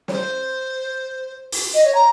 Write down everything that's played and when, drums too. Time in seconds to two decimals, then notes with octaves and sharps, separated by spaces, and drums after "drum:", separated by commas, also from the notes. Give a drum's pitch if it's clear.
0.08 C#5, drum: snare
0.12 C5
1.52 drum: open hi-hat
1.74 D#5
1.84 C#5
1.94 A#5